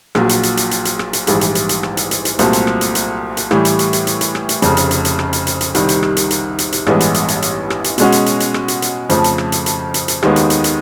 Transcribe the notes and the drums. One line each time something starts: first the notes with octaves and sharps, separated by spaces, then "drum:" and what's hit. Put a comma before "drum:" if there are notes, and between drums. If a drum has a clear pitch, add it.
A#1 A#2 F#3, drum: rim click
drum: hi-hat
drum: hi-hat
drum: hi-hat
drum: hi-hat
drum: hi-hat
drum: rim click
drum: hi-hat
A#1 G#2 E3 G3, drum: hi-hat
drum: hi-hat
drum: hi-hat
drum: hi-hat
drum: rim click
drum: hi-hat
drum: hi-hat
drum: hi-hat
C2 A#2 F#3 A3 C4, drum: hi-hat
drum: hi-hat
drum: rim click
drum: hi-hat
drum: hi-hat
drum: hi-hat
A2 E3 G3, drum: rim click
drum: hi-hat
drum: hi-hat
drum: hi-hat
drum: hi-hat
drum: hi-hat
drum: rim click
drum: hi-hat
F1 F2 C#3, drum: hi-hat
drum: hi-hat
drum: hi-hat
drum: hi-hat
drum: rim click
drum: hi-hat
drum: hi-hat
drum: hi-hat
C2 C3 D#3 G3, drum: hi-hat
drum: hi-hat
drum: rim click
drum: hi-hat
drum: hi-hat
drum: hi-hat
drum: hi-hat
A1 G2 E3 G#3 B3, drum: rim click
drum: hi-hat
drum: hi-hat
drum: hi-hat
drum: hi-hat
drum: rim click
drum: hi-hat
B2 G#3 C#4 F#4, drum: hi-hat
drum: hi-hat
drum: hi-hat
drum: hi-hat
drum: rim click
drum: hi-hat
drum: hi-hat
F2 C#3 F3 A3, drum: hi-hat
drum: hi-hat
drum: rim click
drum: hi-hat
drum: hi-hat
drum: hi-hat
drum: hi-hat
D#2 D#3 G#3 B3, drum: rim click
drum: hi-hat
drum: hi-hat
drum: hi-hat